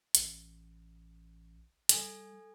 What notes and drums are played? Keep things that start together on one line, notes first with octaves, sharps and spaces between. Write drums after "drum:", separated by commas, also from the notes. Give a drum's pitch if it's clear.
A1, drum: hi-hat
G3 A4 G#5, drum: hi-hat